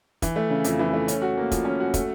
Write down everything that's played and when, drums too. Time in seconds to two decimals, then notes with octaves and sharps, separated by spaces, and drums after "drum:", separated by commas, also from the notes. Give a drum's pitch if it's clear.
0.22 E3, drum: kick, hi-hat
0.36 A3
0.50 C#3
0.64 F2, drum: hi-hat
0.79 E3
0.93 A3
1.08 C#4, drum: hi-hat
1.22 F#4
1.37 A#3
1.52 F3, drum: kick, hi-hat
1.65 C#4
1.80 F#4
1.94 A3, drum: kick, hi-hat